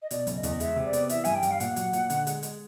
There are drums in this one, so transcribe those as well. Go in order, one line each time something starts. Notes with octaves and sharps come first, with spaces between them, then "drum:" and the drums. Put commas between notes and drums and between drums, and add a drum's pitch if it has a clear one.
D#5
B2 D5, drum: hi-hat
F#1, drum: hi-hat
D#5
E2, drum: hi-hat
G#3 E5, drum: hi-hat
C3
D5
B3, drum: hi-hat
E3 E5, drum: hi-hat
G2 G#5, drum: hi-hat
G5
G2, drum: hi-hat
F5
A#2 F#5, drum: hi-hat
F#3, drum: hi-hat
A#2, drum: hi-hat
D3, drum: hi-hat
G#3, drum: hi-hat
G#3, drum: hi-hat